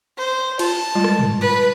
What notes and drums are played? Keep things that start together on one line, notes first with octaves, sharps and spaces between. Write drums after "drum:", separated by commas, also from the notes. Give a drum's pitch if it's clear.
C5
F4 A5, drum: cymbal
G3 G#3 F4
drum: rim click
drum: tom
B4